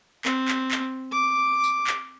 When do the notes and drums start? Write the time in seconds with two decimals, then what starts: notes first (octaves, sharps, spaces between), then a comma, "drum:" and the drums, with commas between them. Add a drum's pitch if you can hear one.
0.25 C4, drum: clap
0.48 drum: clap
0.71 drum: clap
1.12 D6
1.64 drum: tambourine
1.87 drum: clap